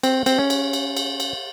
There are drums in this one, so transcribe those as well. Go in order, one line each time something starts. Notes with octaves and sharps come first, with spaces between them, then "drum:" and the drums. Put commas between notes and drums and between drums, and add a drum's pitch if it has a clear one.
C4, drum: cymbal
C4, drum: cymbal
C#4
drum: cymbal
drum: cymbal
drum: cymbal
drum: cymbal